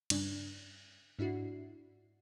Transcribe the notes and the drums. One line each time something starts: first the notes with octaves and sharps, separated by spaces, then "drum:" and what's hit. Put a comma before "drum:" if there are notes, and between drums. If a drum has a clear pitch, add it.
G2 C#3 D4, drum: cymbal
G#2 D4 E4 F#4 C7